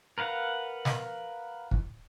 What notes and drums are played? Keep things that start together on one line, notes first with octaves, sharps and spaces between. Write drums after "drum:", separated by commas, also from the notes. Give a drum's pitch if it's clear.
A#4 B4 F5 F#5
drum: snare
drum: kick